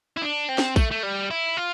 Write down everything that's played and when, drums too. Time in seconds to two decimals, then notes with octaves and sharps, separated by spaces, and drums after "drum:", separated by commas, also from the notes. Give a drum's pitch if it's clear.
0.17 E4
0.22 D4
0.49 C4
0.58 drum: snare
0.76 A3, drum: kick, tambourine
0.91 A3
1.03 G3
1.30 E4
1.57 F4